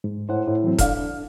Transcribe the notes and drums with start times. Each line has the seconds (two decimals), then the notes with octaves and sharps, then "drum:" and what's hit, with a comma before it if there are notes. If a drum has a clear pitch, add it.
0.04 G#2
0.29 A2 C5 F#5
0.47 A2
0.63 E3 F#3 C4
0.78 D4 A4 F5 F6, drum: kick E1, hi-hat